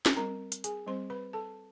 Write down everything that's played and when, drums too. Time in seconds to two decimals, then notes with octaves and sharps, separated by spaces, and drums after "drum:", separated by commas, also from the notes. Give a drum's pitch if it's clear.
0.06 drum: snare
0.16 G3 C4 A#4 A#5
0.52 drum: hi-hat
0.64 G#4 G#5, drum: hi-hat
0.87 G3 C4 C5 C6
1.10 B4 B5
1.33 A4 A5